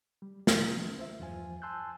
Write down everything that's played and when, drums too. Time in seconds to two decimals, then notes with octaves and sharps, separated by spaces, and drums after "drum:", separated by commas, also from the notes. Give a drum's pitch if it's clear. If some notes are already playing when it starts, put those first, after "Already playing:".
0.22 G3
0.47 D3 F3 A#3 C#4 G#4, drum: snare
0.97 C#2 C5 E5
1.20 E2 G2 F3 F4 C5 G#5
1.62 G#5 A5 C6 E6 F#6 G6